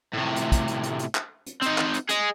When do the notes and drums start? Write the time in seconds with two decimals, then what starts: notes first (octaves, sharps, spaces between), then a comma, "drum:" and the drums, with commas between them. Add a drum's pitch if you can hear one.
0.14 A2 C3
0.36 drum: hi-hat
0.52 drum: kick, hi-hat
0.68 drum: hi-hat
0.83 drum: hi-hat
0.99 drum: hi-hat
1.15 drum: clap
1.46 drum: hi-hat
1.62 C4 D#4, drum: hi-hat
1.78 drum: clap
1.94 drum: hi-hat
2.09 G#4 D#5, drum: hi-hat